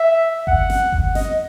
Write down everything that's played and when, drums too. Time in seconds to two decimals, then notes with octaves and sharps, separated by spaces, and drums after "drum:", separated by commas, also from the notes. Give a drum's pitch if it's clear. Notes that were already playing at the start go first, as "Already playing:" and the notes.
Already playing: E5
0.47 F#5, drum: kick G1
0.70 drum: snare
0.92 drum: kick G1
1.15 D#5, drum: snare